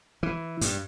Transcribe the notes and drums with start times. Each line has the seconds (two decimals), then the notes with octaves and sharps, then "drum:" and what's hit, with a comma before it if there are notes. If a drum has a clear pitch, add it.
0.23 E3
0.61 G2, drum: hi-hat